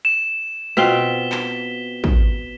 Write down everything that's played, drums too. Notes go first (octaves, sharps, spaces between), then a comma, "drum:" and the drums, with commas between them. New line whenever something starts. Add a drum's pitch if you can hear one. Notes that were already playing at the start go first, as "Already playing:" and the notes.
E7
B2 C4 F4 B6 G7
drum: clap
drum: kick